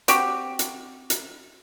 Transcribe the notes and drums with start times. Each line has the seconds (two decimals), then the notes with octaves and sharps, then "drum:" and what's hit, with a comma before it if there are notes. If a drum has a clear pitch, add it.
0.08 C4 F#4 G4, drum: hi-hat
0.59 drum: hi-hat
1.10 drum: hi-hat